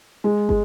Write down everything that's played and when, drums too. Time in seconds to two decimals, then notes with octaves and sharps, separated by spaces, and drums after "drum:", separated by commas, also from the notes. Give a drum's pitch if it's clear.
0.24 G#3
0.49 G#3, drum: kick